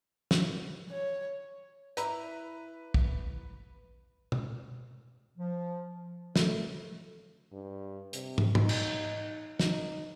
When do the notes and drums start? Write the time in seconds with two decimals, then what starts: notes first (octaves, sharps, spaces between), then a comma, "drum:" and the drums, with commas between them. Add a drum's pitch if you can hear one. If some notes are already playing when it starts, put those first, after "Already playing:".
0.31 drum: snare
0.90 C#5
1.97 E4 B4 A#5 D6, drum: hi-hat
2.94 drum: kick
4.32 drum: tom
5.38 F3
6.36 A3, drum: snare
7.52 G2
8.13 C3, drum: hi-hat
8.38 drum: tom
8.55 D#4, drum: tom
8.69 drum: cymbal
9.60 D#4, drum: snare